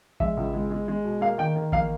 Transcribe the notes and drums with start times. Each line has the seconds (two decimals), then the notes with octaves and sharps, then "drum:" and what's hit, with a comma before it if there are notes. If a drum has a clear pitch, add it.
0.20 G#3 E5, drum: kick A1
0.37 C#2
0.54 G#3
0.71 G#3
0.88 G#3
1.04 B2
1.21 A#3 F5
1.38 D#3 G5
1.56 D#3
1.72 A#3 F5, drum: kick A1